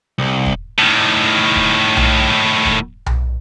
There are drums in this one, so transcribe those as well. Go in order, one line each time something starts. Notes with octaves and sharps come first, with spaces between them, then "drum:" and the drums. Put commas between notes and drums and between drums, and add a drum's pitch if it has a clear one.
C2
drum: kick
A2 D#3
drum: kick
drum: tom B1
drum: kick
drum: tom B1